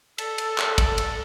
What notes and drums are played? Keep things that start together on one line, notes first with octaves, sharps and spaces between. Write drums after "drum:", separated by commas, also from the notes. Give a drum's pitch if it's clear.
A4, drum: cymbal
drum: cymbal
drum: clap
drum: kick, cymbal
drum: cymbal